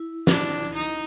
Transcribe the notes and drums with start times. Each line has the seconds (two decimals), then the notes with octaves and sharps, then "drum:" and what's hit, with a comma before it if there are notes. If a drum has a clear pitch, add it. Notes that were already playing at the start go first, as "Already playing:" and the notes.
Already playing: E4
0.27 D4, drum: snare
0.74 D#4